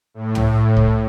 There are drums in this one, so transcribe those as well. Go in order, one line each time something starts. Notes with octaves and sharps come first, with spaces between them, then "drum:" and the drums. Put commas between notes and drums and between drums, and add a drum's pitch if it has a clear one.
A2
drum: tom
drum: kick